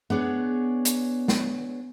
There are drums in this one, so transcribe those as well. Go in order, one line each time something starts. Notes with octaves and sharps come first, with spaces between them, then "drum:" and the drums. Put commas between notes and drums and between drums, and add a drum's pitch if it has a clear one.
B3 D4 G#4 C#5
drum: hi-hat
drum: snare